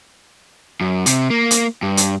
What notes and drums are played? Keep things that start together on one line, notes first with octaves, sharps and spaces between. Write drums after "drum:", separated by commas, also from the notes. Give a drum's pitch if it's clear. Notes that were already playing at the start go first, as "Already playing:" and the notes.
F#2
C3, drum: hi-hat
A#3
drum: hi-hat
G2
drum: hi-hat